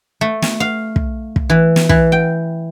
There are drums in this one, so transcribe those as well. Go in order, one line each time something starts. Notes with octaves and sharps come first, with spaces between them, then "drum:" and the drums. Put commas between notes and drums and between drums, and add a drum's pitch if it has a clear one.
A3
drum: snare
F5
drum: kick
drum: kick
E3
drum: snare
E3, drum: kick
G5